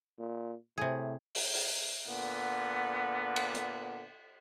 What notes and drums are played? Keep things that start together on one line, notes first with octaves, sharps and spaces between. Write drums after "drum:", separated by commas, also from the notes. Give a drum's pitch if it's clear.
A#2
A2 C3 G#4
drum: open hi-hat
drum: open hi-hat
A#2 D3 B3
drum: cymbal
drum: hi-hat